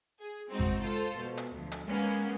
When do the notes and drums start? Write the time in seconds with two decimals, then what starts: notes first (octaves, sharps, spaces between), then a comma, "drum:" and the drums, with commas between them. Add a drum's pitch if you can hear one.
0.20 G#4
0.49 G#3 C4 D#4 F#4
0.59 drum: kick G#1
0.81 F4 A4 C5
1.17 B2
1.37 drum: hi-hat
1.55 D2 F3
1.72 drum: hi-hat
1.87 G#3 A#3 B3 C#4